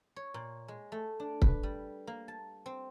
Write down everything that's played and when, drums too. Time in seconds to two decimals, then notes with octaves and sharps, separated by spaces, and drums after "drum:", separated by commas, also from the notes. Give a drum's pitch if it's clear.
0.16 C#5
0.34 A#2
0.68 G#3
0.92 A3
1.20 D4
1.42 B4, drum: kick C#1
1.63 G3
2.07 A#3
2.28 A5
2.66 C4